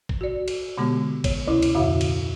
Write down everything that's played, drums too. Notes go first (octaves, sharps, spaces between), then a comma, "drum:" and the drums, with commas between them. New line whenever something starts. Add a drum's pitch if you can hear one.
drum: kick
F#4 D5
drum: cymbal
B2 D3 G#3 B3 G4
C#5, drum: kick, cymbal
D2 C3 C#4 E4 D6
drum: cymbal
F2 A#2 D3 F#4 E5 F5
drum: cymbal